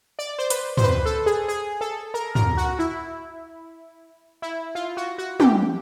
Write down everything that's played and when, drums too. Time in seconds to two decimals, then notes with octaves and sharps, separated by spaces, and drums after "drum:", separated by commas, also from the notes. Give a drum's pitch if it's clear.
0.19 D5
0.39 C5
0.50 B4, drum: hi-hat
0.77 C5, drum: tom
0.84 B4
1.06 A4
1.26 G#4
1.48 G#4
1.81 A4
2.14 A#4
2.35 A#4, drum: tom
2.57 F#4
2.79 E4
4.42 E4
4.75 F4
4.97 F#4
5.18 F#4
5.40 G4, drum: tom